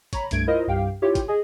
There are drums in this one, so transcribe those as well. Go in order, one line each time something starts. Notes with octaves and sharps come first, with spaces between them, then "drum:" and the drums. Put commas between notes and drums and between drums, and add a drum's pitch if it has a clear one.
C#5 A#5 B5, drum: kick, hi-hat
C2 G2 A3 G#6 D7, drum: hi-hat
E4 F4 A#4 C5 D#5
C2 G2 G4 F5 G5
E4 F4 G4 C#5
drum: kick, hi-hat
G#4 D#5